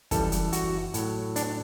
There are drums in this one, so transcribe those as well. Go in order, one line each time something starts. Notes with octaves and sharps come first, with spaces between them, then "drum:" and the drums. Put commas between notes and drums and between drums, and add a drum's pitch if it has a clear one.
F#2 E3 G3 A4, drum: kick, hi-hat
drum: hi-hat
F#4, drum: hi-hat
A2 F#3, drum: hi-hat
D4, drum: hi-hat